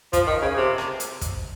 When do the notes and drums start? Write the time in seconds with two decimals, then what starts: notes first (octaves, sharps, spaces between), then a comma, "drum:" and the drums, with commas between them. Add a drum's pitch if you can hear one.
0.13 F3, drum: kick, hi-hat
0.27 D#3
0.42 C#3
0.57 C3
0.78 drum: rim click
1.00 drum: hi-hat
1.21 drum: kick, hi-hat